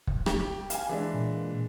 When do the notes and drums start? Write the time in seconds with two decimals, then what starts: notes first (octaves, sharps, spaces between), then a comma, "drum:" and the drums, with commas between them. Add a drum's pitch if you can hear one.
0.07 drum: kick
0.26 G4, drum: rim click
0.70 F5 G#5, drum: hi-hat
0.89 E3 G#3 D4
1.14 A#2